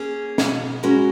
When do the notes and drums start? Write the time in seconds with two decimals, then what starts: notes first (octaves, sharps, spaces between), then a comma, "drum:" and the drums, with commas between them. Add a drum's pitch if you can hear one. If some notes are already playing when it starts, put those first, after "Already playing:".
Already playing: A#3 C#4 G#4
0.38 B2, drum: snare
0.83 G#3 C#4 F#4 A#4